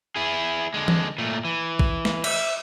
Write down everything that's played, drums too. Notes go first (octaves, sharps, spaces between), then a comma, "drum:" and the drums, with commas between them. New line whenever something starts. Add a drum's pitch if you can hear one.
E4 G#4
D3 G#3
drum: tom E3
A#2 A3
E3
drum: kick
drum: snare
E5, drum: cymbal